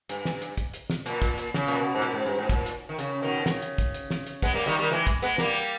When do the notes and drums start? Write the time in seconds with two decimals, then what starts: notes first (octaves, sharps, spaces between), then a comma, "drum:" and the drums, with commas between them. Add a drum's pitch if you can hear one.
0.09 G2, drum: hi-hat
0.25 drum: snare
0.41 drum: hi-hat
0.57 drum: kick, hi-hat
0.74 drum: hi-hat
0.90 drum: snare
1.06 A#2, drum: hi-hat
1.22 drum: kick, hi-hat
1.38 drum: hi-hat
1.54 C#3, drum: snare
1.68 A#2, drum: hi-hat
1.78 B2
1.95 G#2
2.02 A#2, drum: hi-hat
2.14 G#2
2.26 G2
2.39 G#2
2.49 A#2, drum: kick, hi-hat
2.66 drum: hi-hat
2.89 D#3
2.99 C#3, drum: hi-hat
3.22 B2 D#3
3.41 B2
3.46 C#3, drum: snare
3.62 drum: hi-hat
3.78 drum: kick, hi-hat
3.94 drum: hi-hat
4.11 drum: snare
4.27 drum: hi-hat
4.42 G#3 B3, drum: kick, hi-hat
4.54 G3 A#3
4.66 D#3 G3
4.78 D#3 G3
4.91 E3 G#3, drum: hi-hat
5.07 drum: kick, hi-hat
5.22 G#3 B3, drum: hi-hat
5.38 G3 A#3, drum: snare
5.55 drum: hi-hat